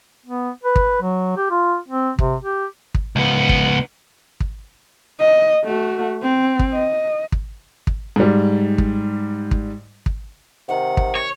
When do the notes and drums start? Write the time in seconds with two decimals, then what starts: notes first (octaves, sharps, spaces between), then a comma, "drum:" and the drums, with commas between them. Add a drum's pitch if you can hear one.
0.26 B3
0.64 B4
0.76 drum: kick
1.02 F#3
1.37 G4
1.50 F4
1.88 C4
2.19 C3, drum: kick
2.42 G4
2.94 drum: kick
3.16 C#2 B3
3.49 drum: kick
4.40 drum: kick
5.20 D#5
5.64 A3 F#4
6.22 C4
6.59 drum: kick
6.73 D#5
7.32 drum: kick
7.87 drum: kick
8.16 G#2 G3
8.78 drum: kick
9.51 drum: kick
10.06 drum: kick
10.68 C3 D#3 F#5
10.97 drum: kick
11.15 C#5